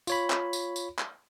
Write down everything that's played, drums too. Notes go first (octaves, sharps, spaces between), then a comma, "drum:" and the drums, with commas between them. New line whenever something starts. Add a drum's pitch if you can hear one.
F4 C#5 B5, drum: tambourine
drum: clap
drum: tambourine
drum: tambourine
drum: clap